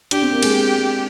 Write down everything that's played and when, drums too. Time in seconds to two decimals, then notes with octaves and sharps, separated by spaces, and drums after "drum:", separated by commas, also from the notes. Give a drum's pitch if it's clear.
0.11 D4 G4, drum: hi-hat
0.22 C4
0.32 A#3
0.43 G#3, drum: cymbal